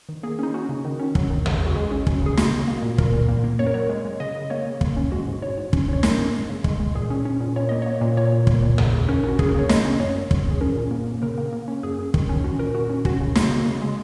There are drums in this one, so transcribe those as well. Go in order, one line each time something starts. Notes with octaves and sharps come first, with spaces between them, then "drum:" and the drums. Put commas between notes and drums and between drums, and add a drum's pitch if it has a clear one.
D#3
A#3 G#4
C#4 D#4
C#4 F#4
C#3
D#3
C#4
F#3, drum: kick
D#3
C#3, drum: tom
C#3
F#4
G#3 G#4
C#4
C#4, drum: kick
C#3 G#4
C#3 F#4, drum: snare
C#3
A#3
A#2
A#2 A#4, drum: kick
A#2
A#3
A#3
F#2 C#5
A#4
F#3 C#5
G#3
G#3
C#3 D#5
C#3
A#3 C#5
C#3
A#3, drum: kick
C#4
G#3 F#4
G#2
G#2 C#5
G#2
C#4, drum: kick
C#4 C#5
C#4 A#4, drum: snare
G#2
G#3
C#3
G#3, drum: kick
G#3
A#2 G#4
C#4
C#4
A#2
A#2 C#5
A#3 D#5
A#3 C#5
A#2
A#2 C#5
A#2
A#3, drum: kick
A#2
C#3, drum: tom
C#3
C#4 A#4
C#4 F#4
C#3 G#4, drum: kick
A#4
A#3 C#5
C#3 D#5, drum: snare
C#4
F#2 C#5
F#2
F#2, drum: kick
F#2 G#4
C#4 A#4
A#2
A#3
A#3
C#3 A#4
A#3
A#3
C#4
F#2 G#4
F#2
D#3, drum: kick
C#4
C#4 F#4
A#2 A#4
A#2 F#4
C#4
C#4 F#4, drum: kick
C#3
C#3 F#4, drum: snare
A#3
C#3
G#3